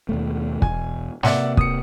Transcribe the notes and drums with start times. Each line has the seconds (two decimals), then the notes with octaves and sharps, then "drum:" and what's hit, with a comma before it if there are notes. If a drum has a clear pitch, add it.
0.09 D#2 B2 A3
0.62 E1 G#5, drum: kick
1.23 C3 A#3 D5 E5 F#5, drum: snare
1.57 D#6 C#7, drum: kick